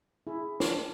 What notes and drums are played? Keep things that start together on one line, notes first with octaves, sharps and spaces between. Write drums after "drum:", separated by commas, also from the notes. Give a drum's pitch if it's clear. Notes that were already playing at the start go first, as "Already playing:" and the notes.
E4 G#4
D4, drum: snare